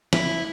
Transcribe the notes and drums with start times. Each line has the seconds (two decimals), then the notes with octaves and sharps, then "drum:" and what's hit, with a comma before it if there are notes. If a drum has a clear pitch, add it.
0.13 E4, drum: snare